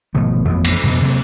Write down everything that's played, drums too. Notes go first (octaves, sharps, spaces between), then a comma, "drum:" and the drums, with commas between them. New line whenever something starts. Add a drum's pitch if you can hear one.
G#1 B2 F3 A3
A1 F2 F3 B3
drum: cymbal
F2 B2
C3 F#3 A#3